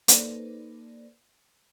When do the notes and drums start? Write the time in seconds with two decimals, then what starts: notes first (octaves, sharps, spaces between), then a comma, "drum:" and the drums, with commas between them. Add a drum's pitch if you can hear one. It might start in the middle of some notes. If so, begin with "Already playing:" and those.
0.08 A#3 D#4 A4 B4 C5 D5, drum: hi-hat